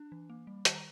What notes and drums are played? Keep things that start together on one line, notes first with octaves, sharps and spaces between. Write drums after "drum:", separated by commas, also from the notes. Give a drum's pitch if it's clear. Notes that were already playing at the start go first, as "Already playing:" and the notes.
Already playing: D4
E3
A#3
G3
D#3 A5, drum: hi-hat
A#5